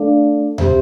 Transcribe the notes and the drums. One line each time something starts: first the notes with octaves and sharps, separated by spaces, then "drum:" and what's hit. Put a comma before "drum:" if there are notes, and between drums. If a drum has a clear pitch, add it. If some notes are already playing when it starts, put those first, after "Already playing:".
Already playing: A3 D4 A4 D5 F5
C4 G4 C5 E5, drum: tom D2